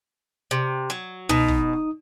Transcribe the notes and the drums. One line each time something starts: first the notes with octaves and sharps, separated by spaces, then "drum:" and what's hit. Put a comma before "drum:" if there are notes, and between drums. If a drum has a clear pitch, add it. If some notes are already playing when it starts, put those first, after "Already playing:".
C3
F#3
B2 D#4 D#6, drum: tom
drum: kick